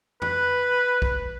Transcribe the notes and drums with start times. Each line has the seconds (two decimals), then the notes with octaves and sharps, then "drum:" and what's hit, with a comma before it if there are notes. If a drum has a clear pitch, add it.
0.22 B4, drum: tom F2
1.02 drum: kick B1